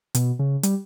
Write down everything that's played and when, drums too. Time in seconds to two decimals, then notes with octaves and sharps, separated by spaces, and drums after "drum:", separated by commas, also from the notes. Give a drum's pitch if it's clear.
0.15 B2, drum: hi-hat
0.39 C#3
0.63 G3, drum: hi-hat